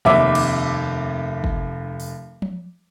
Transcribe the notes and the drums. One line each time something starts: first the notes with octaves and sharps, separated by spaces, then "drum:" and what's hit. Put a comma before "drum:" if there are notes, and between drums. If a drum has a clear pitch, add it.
F1 D#2 E5 D6, drum: tom F3
drum: cymbal
drum: kick
drum: open hi-hat
drum: tom F3